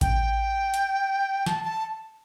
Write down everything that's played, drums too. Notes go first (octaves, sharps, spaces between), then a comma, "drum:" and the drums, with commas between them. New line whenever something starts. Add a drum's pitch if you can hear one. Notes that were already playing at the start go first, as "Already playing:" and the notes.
G5, drum: kick A1, hi-hat
drum: hi-hat
A5, drum: snare
A5